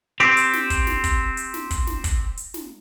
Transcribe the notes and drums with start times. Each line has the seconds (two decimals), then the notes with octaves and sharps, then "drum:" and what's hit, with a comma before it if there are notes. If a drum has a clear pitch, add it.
0.20 C4 G4
0.37 drum: hi-hat
0.53 drum: snare
0.70 drum: kick, hi-hat
0.87 drum: snare
1.04 drum: kick, hi-hat
1.37 drum: hi-hat
1.54 drum: snare
1.71 drum: kick, hi-hat
1.87 drum: snare
2.04 drum: kick, hi-hat
2.37 drum: hi-hat
2.54 drum: snare